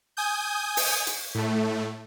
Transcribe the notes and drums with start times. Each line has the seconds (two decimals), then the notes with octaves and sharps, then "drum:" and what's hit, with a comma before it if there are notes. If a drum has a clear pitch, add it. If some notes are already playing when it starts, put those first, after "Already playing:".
0.17 G#5 D#6 G6
0.77 drum: open hi-hat
1.07 drum: hi-hat
1.35 A2 A3